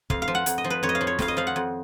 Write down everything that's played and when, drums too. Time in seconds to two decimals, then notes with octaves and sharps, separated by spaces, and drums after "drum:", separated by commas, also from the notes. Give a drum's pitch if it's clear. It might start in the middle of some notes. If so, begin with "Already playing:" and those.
0.10 F2 F5, drum: kick
0.22 F5
0.28 F3
0.35 F#5
0.46 F2, drum: hi-hat
0.58 D#5
0.64 F3
0.70 B4
0.83 F2 C#5
0.89 D#5
0.95 F5
1.01 F3
1.07 C#5
1.19 F2 F5, drum: snare
1.28 D#5
1.37 F3 F5
1.47 F#5
1.56 F2